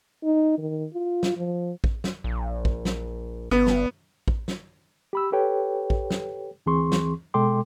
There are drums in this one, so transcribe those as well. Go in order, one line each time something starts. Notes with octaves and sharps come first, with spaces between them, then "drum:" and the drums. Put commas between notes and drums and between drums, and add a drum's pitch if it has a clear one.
D#4
D#3
F4
drum: snare
F3
drum: kick A1
drum: snare
A#1
drum: kick A1
drum: snare
G1 B3
drum: snare
drum: kick A1
drum: snare
G4 B5 E6
G4 A4 B4 C#5 G5
drum: kick A1
drum: snare
D2 E3 C4 G#4 C6 C#6
drum: snare
B2 G#3 A4 G5 C6 D6